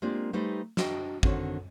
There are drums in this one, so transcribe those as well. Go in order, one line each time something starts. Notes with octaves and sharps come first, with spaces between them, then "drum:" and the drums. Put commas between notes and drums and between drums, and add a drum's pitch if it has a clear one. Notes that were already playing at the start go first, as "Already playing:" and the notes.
G#3 A#3 C4 D4 F4 G4
G3 A3 D#4 G4 B4 C5
D4 F#4 D#5 G5, drum: snare
D3 D#3 C4 F#4 G#4 C#5, drum: kick G#1